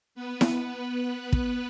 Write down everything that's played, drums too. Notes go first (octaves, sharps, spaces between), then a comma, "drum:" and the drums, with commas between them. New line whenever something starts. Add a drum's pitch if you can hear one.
B3 B4
drum: snare E4
B3 B4
drum: kick